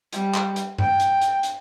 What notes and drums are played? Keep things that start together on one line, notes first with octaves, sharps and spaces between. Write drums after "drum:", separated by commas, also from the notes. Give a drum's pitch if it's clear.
G3, drum: hi-hat
drum: clap
drum: hi-hat
G5, drum: tom G2
drum: hi-hat
drum: hi-hat
drum: hi-hat